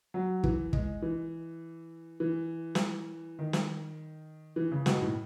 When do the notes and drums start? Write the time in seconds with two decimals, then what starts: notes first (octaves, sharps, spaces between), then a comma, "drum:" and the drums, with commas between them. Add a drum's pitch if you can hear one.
0.14 F#3
0.44 E3, drum: kick
0.73 G#3, drum: kick
1.02 E3
2.20 E3
2.75 drum: snare
3.39 D#3
3.53 drum: snare
4.56 E3
4.72 C#3
4.86 B2, drum: snare
5.01 A2